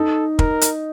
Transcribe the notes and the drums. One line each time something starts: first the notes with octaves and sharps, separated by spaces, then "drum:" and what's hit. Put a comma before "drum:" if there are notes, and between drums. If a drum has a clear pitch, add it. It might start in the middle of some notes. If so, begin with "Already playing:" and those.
Already playing: D#4 A4
A#4, drum: kick
drum: hi-hat